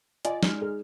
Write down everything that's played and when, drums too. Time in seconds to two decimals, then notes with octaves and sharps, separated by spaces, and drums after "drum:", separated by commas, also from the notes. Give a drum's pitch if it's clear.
0.25 F4 D5 D#5 G#5, drum: hi-hat
0.43 G#3 D#4 F6, drum: snare
0.61 G#4